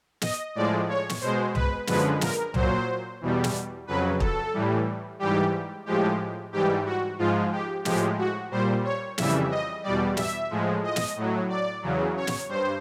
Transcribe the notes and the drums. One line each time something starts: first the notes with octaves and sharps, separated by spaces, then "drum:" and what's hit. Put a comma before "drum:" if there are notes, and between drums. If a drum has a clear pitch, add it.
D#5, drum: snare
A2 F3 G#3 D5
C#5
drum: snare
B2 G#3 C5
B4, drum: tom C2
F#2 D3 F3 G#3 B4, drum: snare
A#4, drum: snare
A#2 F#3 C5, drum: tom C2
E2 B2 G3
drum: snare
F2 C#3 F#3 B4
A4, drum: kick
A2 E3 G3
G#2 E3 G3 G4
A2 F3 G#3 G4
G#2 E3 G3 G4
F#4
G#2 F3 G#3 F4
G4
A2 F3 G#3 G4, drum: snare
F#4
A#2 G3 C5
C#5
F2 C#3 E3 G3 E5, drum: snare
D#5
E2 B2 G3 D5
E5, drum: snare
A2 F3 G#3
D#5
drum: snare
A2 F#3
D5
E2 C#3 F#3
C#5
drum: snare
G2 C5